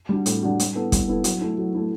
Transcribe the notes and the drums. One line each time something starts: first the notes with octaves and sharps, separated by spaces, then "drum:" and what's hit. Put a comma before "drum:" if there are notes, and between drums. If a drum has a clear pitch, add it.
G3 D4 F#4
A2, drum: hi-hat
G3 D4 F#4
G3, drum: hi-hat
B3 E4 A4
G3, drum: kick, hi-hat
B3 E4 A4
F#3, drum: hi-hat
A3 E4
F#3
A3 E4